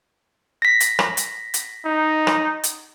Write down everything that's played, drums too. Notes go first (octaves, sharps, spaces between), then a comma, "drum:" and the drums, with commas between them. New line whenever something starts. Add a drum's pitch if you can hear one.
A#6 B6
drum: hi-hat
drum: rim click
drum: hi-hat
drum: hi-hat
D#4
drum: rim click
drum: hi-hat